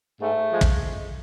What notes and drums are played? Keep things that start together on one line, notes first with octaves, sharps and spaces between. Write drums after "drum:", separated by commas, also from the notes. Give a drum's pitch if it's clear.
G#2 A3
F3 G#3
drum: kick